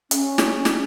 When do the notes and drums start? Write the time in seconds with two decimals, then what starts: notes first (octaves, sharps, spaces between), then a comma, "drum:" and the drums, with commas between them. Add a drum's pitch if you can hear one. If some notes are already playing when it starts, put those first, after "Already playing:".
0.11 C#4, drum: hi-hat
0.38 drum: snare
0.65 drum: snare